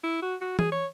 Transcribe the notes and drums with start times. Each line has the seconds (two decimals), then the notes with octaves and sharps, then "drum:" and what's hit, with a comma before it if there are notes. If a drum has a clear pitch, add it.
0.04 E4
0.22 F#4
0.41 F#4
0.59 G#4, drum: tom
0.72 C#5